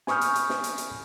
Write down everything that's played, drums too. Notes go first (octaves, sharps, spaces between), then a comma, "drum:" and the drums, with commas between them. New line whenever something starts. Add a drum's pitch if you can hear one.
G#5 B5 C#6 D#6 F6 G6, drum: snare
drum: hi-hat
drum: hi-hat
drum: snare
drum: hi-hat
drum: hi-hat